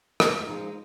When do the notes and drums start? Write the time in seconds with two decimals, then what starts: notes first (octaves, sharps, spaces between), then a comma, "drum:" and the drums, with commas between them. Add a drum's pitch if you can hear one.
0.20 F2, drum: rim click
0.47 F3 G#3 D#4